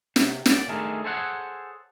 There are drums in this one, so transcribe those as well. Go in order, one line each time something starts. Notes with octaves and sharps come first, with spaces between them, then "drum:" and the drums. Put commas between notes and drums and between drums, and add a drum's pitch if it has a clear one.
C3, drum: snare
A#2 D5, drum: snare
D#3 G#3 A3 D4 G#4 A#4
G#4 A4 C5 C#5 D#5 F#5